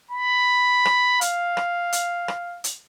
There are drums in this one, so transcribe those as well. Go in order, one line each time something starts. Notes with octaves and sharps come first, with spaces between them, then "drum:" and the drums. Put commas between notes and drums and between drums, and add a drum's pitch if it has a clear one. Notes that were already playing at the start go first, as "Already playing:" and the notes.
B5
drum: rim click
F5, drum: hi-hat
drum: rim click
drum: hi-hat
drum: rim click
drum: hi-hat